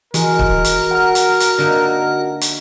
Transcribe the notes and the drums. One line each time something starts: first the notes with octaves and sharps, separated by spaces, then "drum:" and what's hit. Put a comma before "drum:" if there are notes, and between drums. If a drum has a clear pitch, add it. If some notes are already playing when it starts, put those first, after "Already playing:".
E3 G#3 F#4 A#4, drum: hi-hat
drum: kick
drum: hi-hat
F#5 A#5 F6
drum: hi-hat
drum: hi-hat
D3 A#3 D#4
drum: hi-hat